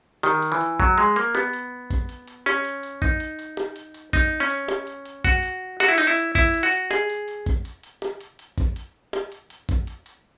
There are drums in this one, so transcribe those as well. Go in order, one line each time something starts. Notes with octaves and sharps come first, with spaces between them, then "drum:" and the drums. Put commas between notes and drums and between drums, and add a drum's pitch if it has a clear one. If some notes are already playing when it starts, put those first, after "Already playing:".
D#3, drum: snare
drum: hi-hat
E3
drum: hi-hat
F#3, drum: kick A1
G#3
A#3, drum: hi-hat
B3, drum: snare
drum: hi-hat
drum: kick A1, hi-hat
drum: hi-hat
drum: hi-hat
C#4, drum: snare
drum: hi-hat
drum: hi-hat
D#4, drum: kick A1
drum: hi-hat
drum: hi-hat
drum: snare
drum: hi-hat
drum: hi-hat
D#4, drum: kick A1, hi-hat
C#4
drum: hi-hat
drum: snare
drum: hi-hat
drum: hi-hat
F#4, drum: kick A1, hi-hat
drum: hi-hat
F#4, drum: snare
E4
D#4, drum: hi-hat
E4
drum: hi-hat
E4, drum: kick A1, hi-hat
drum: hi-hat
F#4
drum: hi-hat
G#4, drum: snare
drum: hi-hat
drum: hi-hat
drum: kick A1, hi-hat
drum: hi-hat
drum: hi-hat
drum: snare
drum: hi-hat
drum: hi-hat
drum: kick A1, hi-hat
drum: hi-hat
drum: snare
drum: hi-hat
drum: hi-hat
drum: kick A1, hi-hat
drum: hi-hat
drum: hi-hat